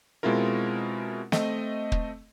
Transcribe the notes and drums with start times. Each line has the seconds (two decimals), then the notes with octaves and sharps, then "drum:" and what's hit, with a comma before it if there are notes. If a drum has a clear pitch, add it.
0.23 B2 G#3 C4 E4 F4 A#4
1.32 A3 C4 D#5, drum: snare
1.92 drum: kick